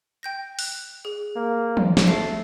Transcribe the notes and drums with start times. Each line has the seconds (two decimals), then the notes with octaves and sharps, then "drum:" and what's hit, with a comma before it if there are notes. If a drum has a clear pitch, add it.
0.23 G5 G6 A#6
0.59 F#6, drum: open hi-hat
1.05 G#4
1.35 A#3
1.77 drum: tom
1.97 drum: snare
2.08 A3 C7